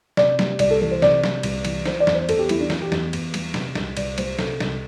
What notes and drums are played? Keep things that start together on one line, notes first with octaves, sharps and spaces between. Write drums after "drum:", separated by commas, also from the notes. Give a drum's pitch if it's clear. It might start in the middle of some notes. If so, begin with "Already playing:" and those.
C3 D5, drum: snare
G3, drum: snare
C2 D5, drum: cymbal
A4
E3 A4
C5
C3 D5, drum: snare
G3, drum: snare
C2, drum: cymbal
E3, drum: cymbal
E3 C5, drum: snare
D5
E2, drum: snare
C5
E2 A4, drum: cymbal
G4
G3 E4, drum: cymbal
D4
E3 E4, drum: snare
G4
E2, drum: snare
E2, drum: cymbal
G3, drum: cymbal
C3, drum: snare
C2, drum: snare
C2 D5, drum: cymbal
G3 C5, drum: cymbal
C3 A4, drum: snare
C2, drum: snare